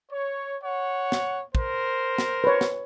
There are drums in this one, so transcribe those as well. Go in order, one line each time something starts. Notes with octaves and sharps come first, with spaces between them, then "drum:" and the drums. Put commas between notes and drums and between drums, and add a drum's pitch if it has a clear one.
C#5
C#5 F#5
drum: snare
A#4 C5, drum: kick
drum: snare
B4 C#5
drum: snare